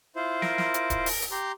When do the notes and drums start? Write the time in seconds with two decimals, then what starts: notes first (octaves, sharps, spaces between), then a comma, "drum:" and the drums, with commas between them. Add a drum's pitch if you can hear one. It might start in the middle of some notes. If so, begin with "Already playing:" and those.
0.16 E4 F4 C5
0.42 A#4, drum: snare
0.58 drum: snare
0.74 drum: hi-hat
0.90 drum: kick D1, hi-hat
1.06 drum: open hi-hat
1.22 drum: hi-hat
1.32 G4 A#5 C6